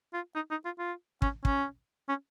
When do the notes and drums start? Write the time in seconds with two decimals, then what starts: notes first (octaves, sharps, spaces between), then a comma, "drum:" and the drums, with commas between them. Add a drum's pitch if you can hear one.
0.14 F4
0.35 D#4
0.51 D#4
0.65 F4
0.79 F4
1.22 C#4, drum: kick
1.45 C#4, drum: kick
2.09 C#4